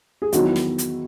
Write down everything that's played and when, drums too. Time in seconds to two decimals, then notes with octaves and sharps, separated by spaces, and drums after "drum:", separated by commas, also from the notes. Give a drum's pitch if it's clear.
0.22 G#4
0.33 E2 D#3 F#3 F#4, drum: hi-hat
0.44 E4
0.56 drum: snare
0.78 drum: hi-hat